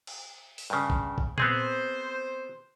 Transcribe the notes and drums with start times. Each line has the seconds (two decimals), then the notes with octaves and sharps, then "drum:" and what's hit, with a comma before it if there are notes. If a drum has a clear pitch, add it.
0.07 drum: cymbal
0.58 drum: open hi-hat
0.70 G2 C#3
0.90 drum: kick A1
1.18 drum: kick A1
1.38 B3 C4 G#4 C5, drum: tom A#2